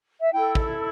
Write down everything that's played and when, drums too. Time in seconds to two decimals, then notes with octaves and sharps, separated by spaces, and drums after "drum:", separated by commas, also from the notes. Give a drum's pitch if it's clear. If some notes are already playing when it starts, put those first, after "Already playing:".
0.21 E5
0.31 E4 A4 G5
0.55 drum: kick